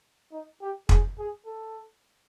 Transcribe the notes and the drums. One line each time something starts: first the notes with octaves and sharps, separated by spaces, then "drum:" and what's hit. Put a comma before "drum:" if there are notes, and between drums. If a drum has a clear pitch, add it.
D#4
G4
G#4, drum: kick
G#4
A4